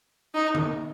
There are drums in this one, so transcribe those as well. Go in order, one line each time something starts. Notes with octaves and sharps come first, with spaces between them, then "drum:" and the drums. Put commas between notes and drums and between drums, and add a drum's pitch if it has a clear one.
D#4
drum: tom D3